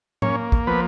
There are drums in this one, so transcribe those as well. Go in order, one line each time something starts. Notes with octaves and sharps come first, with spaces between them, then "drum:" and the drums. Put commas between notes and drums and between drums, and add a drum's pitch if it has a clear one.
A#3 C#4 C#5, drum: tom A2
drum: kick
F3 B3 B4